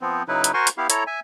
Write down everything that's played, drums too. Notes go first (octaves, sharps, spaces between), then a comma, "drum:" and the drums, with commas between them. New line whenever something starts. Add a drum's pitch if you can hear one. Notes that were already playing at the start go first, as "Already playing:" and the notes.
F3 B3 C4
C#3 F#3 D#4 E4 B4
drum: hi-hat
F#4 A#4 C5 G#5 C6 C#6
drum: hi-hat
B3 E4 G4 F5
E4 A4 C#5 A#5, drum: hi-hat
E5 G#5